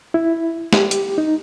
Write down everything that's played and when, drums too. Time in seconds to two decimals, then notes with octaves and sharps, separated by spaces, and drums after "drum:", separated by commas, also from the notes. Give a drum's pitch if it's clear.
0.14 E4
0.73 G4, drum: snare
0.91 drum: hi-hat
1.18 D#4